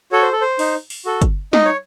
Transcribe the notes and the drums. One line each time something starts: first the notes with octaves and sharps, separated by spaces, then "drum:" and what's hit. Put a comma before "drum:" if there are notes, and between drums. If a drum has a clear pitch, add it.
F#4 A4 C#5
C5
A4
C5
D#4, drum: open hi-hat
drum: open hi-hat
F#4 A4
drum: kick, hi-hat
D#4 D#5, drum: snare
C#5